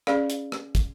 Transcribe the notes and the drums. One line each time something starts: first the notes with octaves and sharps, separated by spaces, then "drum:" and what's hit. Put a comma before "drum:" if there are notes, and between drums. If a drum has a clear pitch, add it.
C#4 G#4 D5 F5, drum: rim click
drum: hi-hat
drum: rim click
drum: kick, hi-hat